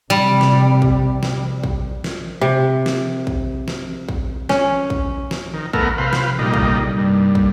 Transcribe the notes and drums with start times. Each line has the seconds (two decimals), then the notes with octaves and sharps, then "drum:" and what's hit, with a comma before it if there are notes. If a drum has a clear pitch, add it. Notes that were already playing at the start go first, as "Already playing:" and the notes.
0.10 C3 G3
0.41 drum: snare
0.82 drum: kick
1.23 drum: snare
1.64 drum: kick
2.04 drum: snare
2.41 C3
2.86 drum: snare
3.27 drum: kick
3.68 drum: snare
4.09 drum: kick
4.49 C#4, drum: snare
4.90 drum: kick
5.31 drum: snare
5.54 D#3
5.73 A3 B3 A#4, drum: kick
5.98 C3 B4 C5 F5
6.13 drum: snare
6.39 A#2 G3 A3 C4 D#4
6.54 drum: kick
6.79 G3 A#3 D#4
6.99 G2
7.35 drum: kick